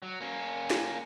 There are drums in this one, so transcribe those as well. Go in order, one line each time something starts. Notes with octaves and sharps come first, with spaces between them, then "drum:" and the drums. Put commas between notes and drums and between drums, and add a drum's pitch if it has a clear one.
F#3
A#3 C#4
drum: snare